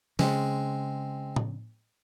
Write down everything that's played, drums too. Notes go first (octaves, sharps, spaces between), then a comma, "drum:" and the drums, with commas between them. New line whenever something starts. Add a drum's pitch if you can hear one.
C#3 G#3 C4, drum: snare
drum: tom A2